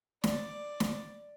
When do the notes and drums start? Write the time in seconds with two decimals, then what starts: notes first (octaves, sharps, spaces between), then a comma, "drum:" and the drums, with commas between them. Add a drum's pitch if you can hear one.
0.24 D5, drum: snare
0.80 drum: snare